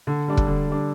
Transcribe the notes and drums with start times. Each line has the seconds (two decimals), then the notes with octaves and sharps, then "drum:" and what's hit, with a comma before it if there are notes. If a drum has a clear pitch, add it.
0.07 D3
0.28 G3 D4
0.37 drum: kick
0.47 D3
0.67 G3 D4